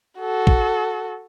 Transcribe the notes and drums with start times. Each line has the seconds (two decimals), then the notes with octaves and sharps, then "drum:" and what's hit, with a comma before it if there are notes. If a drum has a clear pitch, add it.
0.19 F#4 A4
0.47 drum: kick